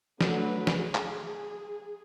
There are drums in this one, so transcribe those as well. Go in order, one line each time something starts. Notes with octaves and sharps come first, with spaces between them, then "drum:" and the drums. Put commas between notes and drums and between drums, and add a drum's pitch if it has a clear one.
D3 F#3 A3 B4, drum: snare
drum: snare
G#4
drum: clap